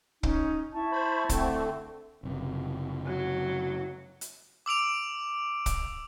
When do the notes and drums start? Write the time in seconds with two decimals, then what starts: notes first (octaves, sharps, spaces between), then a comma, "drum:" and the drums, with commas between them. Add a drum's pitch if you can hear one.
0.23 C#4 D#4, drum: kick
0.72 E4 A5 C#6
0.92 C5 B5
1.29 D3 A3 C4, drum: kick, hi-hat
2.23 F#1 C3
3.06 F#3
4.21 drum: hi-hat
4.66 D6 E6 D7 F7
5.66 drum: kick, hi-hat